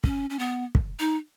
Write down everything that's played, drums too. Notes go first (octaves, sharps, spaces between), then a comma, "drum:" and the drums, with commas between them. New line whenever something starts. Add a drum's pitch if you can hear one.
C#4, drum: kick
C#4
B3
drum: kick
D#4